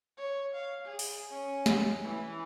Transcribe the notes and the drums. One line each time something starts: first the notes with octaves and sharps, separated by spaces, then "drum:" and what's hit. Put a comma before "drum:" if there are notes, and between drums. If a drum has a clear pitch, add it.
C#5
F5
G#4
drum: open hi-hat
C#4
drum: snare
E3